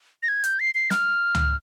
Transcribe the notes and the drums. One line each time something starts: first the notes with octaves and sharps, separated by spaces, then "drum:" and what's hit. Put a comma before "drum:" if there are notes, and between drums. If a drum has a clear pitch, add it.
A#6
G#6
G6, drum: hi-hat
C7
C7
F6, drum: snare
drum: tom